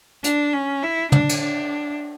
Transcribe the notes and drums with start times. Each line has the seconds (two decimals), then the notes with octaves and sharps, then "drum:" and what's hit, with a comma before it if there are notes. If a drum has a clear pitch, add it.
0.24 D4, drum: hi-hat
0.54 C#4
0.83 E4
1.12 D4, drum: tom
1.29 drum: cymbal
1.41 D4